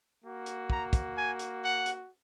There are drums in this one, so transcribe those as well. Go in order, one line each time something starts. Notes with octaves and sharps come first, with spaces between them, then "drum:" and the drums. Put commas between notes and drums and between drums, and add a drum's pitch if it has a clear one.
A#3 F#4
drum: hi-hat
A#5, drum: kick
drum: kick, hi-hat
G#5
drum: hi-hat
F#5
drum: hi-hat